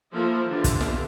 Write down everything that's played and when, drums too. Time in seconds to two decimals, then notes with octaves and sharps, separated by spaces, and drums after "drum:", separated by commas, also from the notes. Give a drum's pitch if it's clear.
0.13 F3 A#3 E4 A4 A#4
0.48 D3 E3 D4 F4 G4
0.64 drum: kick, hi-hat
0.81 drum: snare